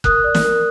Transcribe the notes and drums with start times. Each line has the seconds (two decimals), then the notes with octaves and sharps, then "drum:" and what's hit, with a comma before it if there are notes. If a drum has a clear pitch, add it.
0.04 A#4 D#6 F#6, drum: kick F#1
0.24 D5
0.35 drum: snare
0.44 A#4